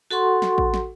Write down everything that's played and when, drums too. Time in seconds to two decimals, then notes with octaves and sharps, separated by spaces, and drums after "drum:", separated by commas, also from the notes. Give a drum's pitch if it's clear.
0.11 F#4 A4 F#5 C6 C#6
0.42 drum: snare
0.58 drum: kick A1
0.74 drum: snare